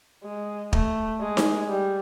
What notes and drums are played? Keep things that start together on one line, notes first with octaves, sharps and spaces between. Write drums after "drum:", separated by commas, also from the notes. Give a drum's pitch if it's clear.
G#3
A3, drum: kick
G#3
drum: snare D#4
G3